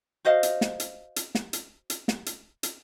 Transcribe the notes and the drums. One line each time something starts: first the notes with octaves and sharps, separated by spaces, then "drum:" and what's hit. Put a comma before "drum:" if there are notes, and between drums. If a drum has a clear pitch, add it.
F#4 C5 D#5 F5
drum: hi-hat
drum: snare
drum: hi-hat
drum: hi-hat
drum: snare
drum: hi-hat
drum: hi-hat
drum: snare
drum: hi-hat
drum: hi-hat